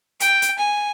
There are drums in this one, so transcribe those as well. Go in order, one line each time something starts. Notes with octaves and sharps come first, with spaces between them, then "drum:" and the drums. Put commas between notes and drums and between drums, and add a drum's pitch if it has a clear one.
G5, drum: hi-hat
drum: hi-hat
G#5